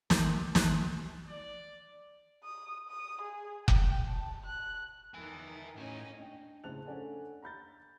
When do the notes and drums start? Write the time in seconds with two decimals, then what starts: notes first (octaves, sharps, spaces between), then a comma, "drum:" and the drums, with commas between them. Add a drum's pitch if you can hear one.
0.10 G3 A#4, drum: snare
0.55 F#6, drum: snare
1.28 D5
2.44 D#6
2.89 D#6
3.22 G#4
3.68 G5, drum: kick F1
4.07 A5
4.46 F#6
5.14 E2 D#3 E5 G#5 A5
5.76 A2 C#4 D#4 G#5
6.20 D4 G5
6.64 A2 C#3 C5 A5 F#6 F7
6.86 C#4 D4 A4 D5 F#5 G#5
7.42 A#5 B5 G6 A6